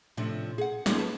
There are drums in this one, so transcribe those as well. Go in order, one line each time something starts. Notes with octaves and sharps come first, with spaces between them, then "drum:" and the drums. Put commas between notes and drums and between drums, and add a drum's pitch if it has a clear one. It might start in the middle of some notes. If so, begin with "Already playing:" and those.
A2 C3 F3 D4
G#4 F#5
F3 G#3 A#3 C#4 D#4 F#4, drum: snare
G#4 B4 A5